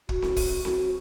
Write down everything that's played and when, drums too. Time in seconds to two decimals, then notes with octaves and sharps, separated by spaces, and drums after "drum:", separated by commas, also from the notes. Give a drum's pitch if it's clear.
0.09 F#4, drum: kick
0.22 drum: snare C4
0.36 drum: kick, open hi-hat
0.65 F#4, drum: snare C4